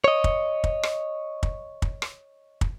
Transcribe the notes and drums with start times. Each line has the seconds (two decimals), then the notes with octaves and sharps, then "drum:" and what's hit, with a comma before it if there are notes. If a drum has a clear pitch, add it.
0.04 C#5 D#5
0.24 drum: kick
0.64 drum: kick
0.83 drum: rim click
1.43 drum: kick
1.82 drum: kick
2.02 drum: rim click
2.61 drum: kick